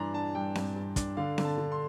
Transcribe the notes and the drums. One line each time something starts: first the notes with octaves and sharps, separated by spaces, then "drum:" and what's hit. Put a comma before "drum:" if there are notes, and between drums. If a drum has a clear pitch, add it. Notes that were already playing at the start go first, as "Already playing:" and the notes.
Already playing: G2 E3 D4 A#5 C6
D4 A5
G2 G5
G2, drum: snare C4
G2
D4, drum: kick, hi-hat
D3 F5
D3, drum: snare C4
A5
D3
C6